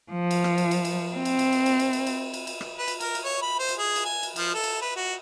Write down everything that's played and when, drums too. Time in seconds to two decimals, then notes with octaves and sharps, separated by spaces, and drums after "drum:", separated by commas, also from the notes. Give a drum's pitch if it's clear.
0.12 F3
0.31 drum: cymbal
0.44 drum: rim click
0.58 drum: cymbal
0.71 drum: cymbal
0.85 drum: cymbal
1.16 C4
1.25 drum: cymbal
1.39 drum: cymbal
1.52 drum: cymbal
1.66 drum: cymbal
1.79 drum: cymbal
1.93 drum: cymbal
2.07 drum: cymbal
2.34 drum: cymbal
2.47 drum: cymbal
2.61 drum: rim click
2.78 B4
2.88 drum: cymbal
3.00 A#4, drum: cymbal
3.15 drum: cymbal
3.24 C#5
3.42 B5
3.59 C5
3.69 drum: cymbal
3.78 G#4
3.96 drum: cymbal
4.05 G#5
4.23 drum: cymbal
4.36 F3, drum: cymbal
4.54 A4
4.64 drum: cymbal
4.82 B4
4.96 F#4